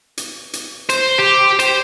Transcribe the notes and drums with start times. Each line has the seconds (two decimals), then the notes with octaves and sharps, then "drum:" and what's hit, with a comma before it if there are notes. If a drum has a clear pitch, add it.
0.17 drum: hi-hat
0.53 drum: hi-hat
0.89 C5, drum: hi-hat
1.18 G4
1.59 C5, drum: hi-hat